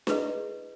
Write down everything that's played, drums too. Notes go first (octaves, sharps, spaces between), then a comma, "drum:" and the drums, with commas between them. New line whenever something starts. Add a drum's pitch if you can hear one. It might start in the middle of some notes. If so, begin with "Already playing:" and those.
E4 G#4 B4 D#5, drum: snare D4